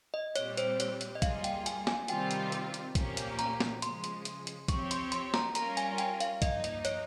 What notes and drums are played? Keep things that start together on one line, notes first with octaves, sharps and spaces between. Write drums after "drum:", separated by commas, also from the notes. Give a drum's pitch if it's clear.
D#5
A#2 G3 C4 G4 C#5, drum: hi-hat
C5, drum: hi-hat
C#5, drum: hi-hat
drum: hi-hat
D#5
G3 A#3 F4 G#4 F5, drum: kick, hi-hat
G5, drum: hi-hat
G#5, drum: hi-hat
G#5, drum: snare
C3 D#3 G3 C4 F4 G5, drum: hi-hat
drum: hi-hat
drum: hi-hat
drum: hi-hat
A#2 F3 A#3 C#4 G4, drum: kick, hi-hat
drum: hi-hat
A#5, drum: hi-hat
drum: snare
C#3 F3 G#3 C6, drum: hi-hat
drum: hi-hat
drum: hi-hat
drum: hi-hat
F3 C4 G4 C#5 C#6, drum: kick, hi-hat
C6, drum: hi-hat
C6, drum: hi-hat
A#5, drum: snare
G3 C#4 F4 A#4 A#5, drum: hi-hat
G#5, drum: hi-hat
G5, drum: hi-hat
F5, drum: hi-hat
G2 F3 A#3 D#4 D#5, drum: kick, hi-hat
D#5, drum: hi-hat
C#5, drum: hi-hat